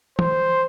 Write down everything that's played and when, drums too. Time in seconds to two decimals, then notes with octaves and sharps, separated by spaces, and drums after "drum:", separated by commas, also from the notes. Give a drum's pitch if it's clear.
0.19 C5, drum: tom